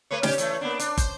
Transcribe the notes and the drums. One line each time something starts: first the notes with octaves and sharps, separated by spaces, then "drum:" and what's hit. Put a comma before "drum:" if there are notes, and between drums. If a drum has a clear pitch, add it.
A3 B4 C#5
C#4 G4 D5, drum: snare
E3 A3, drum: hi-hat
A#3 B3 D4
D4, drum: hi-hat
C5, drum: kick, hi-hat